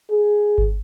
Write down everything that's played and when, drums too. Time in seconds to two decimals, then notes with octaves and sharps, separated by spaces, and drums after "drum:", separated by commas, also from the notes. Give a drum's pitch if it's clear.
0.11 G#4
0.58 drum: kick G1